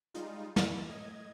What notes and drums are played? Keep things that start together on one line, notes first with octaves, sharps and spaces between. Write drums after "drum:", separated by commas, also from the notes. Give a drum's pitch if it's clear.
G3 G#3 D#4 F4, drum: hi-hat
E3 A#3 E6, drum: snare
A2 D#5 G#6